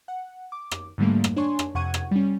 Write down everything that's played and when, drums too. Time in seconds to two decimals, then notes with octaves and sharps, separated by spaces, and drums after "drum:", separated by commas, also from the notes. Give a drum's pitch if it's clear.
0.08 F#5
0.52 D6
0.71 drum: rim click
0.98 G#2 D3 G3 A3 A#3
1.24 drum: rim click
1.37 D4 C#5 G#5 C6 C#6
1.59 drum: rim click
1.75 F2 C3 F#5 C#6 G#6 D#7
1.94 drum: rim click
2.11 G3 C#4